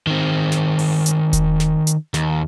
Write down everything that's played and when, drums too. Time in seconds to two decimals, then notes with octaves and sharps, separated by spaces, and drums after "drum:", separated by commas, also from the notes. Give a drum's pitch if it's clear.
0.07 D#3 C4
0.52 drum: snare
0.79 drum: open hi-hat
1.06 drum: hi-hat
1.33 drum: kick E1, hi-hat
1.60 drum: snare
1.87 drum: hi-hat
2.14 D#2, drum: snare